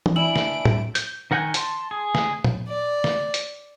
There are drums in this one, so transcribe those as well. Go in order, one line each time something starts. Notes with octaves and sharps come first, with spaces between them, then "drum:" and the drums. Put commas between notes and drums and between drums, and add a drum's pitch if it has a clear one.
drum: tom E3
D4 E4 B4 D5 G#5 E6 D7 F#7
drum: snare
drum: tom A2
G6, drum: hi-hat
D#3 A#4 F#5 G#5 G6
A5 C6, drum: hi-hat
G#4
drum: snare
drum: tom A#2
D5
drum: snare
drum: hi-hat